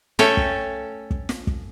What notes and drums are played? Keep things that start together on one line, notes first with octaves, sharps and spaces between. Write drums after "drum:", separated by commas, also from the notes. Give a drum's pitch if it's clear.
A3 C#4 A4 C#5 G5, drum: snare
drum: kick
drum: kick
drum: snare
drum: kick